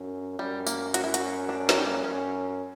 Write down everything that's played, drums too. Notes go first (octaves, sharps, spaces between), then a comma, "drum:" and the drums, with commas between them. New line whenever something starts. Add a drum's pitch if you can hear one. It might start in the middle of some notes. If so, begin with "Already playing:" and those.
Already playing: F#2
F#2 G3
A#3, drum: tambourine
F#4, drum: hi-hat
E4
F#4, drum: hi-hat
D4
F#3, drum: snare
G3
A#3
B3
F#2 C#4